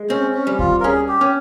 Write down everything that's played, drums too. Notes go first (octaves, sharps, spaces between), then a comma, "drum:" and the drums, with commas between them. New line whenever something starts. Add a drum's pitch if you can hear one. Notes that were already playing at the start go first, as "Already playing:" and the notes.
Already playing: G#3
C4 C#4
C#4
G3
F4, drum: kick D2
A#4
C#4 G#4
G4
C#4